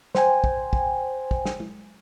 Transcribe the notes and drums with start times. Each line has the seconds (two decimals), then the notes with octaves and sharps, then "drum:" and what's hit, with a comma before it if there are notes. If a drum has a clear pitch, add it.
0.15 C5 G5 G#5, drum: snare
0.44 drum: kick
0.73 drum: kick
1.31 drum: kick
1.46 drum: snare
1.60 drum: tom G#3